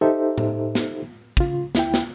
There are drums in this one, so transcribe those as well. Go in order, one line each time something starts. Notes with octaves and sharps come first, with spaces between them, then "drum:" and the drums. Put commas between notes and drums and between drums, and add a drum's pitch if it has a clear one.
D#4 G4 A4 C5 E5
drum: tom A2
drum: snare
C#3 F4, drum: kick
D2 E4 G5, drum: snare
drum: snare